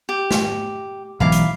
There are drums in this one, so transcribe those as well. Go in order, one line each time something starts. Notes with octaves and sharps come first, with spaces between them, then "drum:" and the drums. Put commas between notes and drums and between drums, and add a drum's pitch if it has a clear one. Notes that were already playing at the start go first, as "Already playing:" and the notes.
G4
drum: snare
B1 E3 G#3 E4 F5 D6
drum: hi-hat